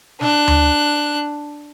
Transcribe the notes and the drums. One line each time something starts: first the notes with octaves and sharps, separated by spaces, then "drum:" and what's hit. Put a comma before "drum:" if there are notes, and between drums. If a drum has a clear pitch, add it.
D4 F#6, drum: snare
drum: tom D2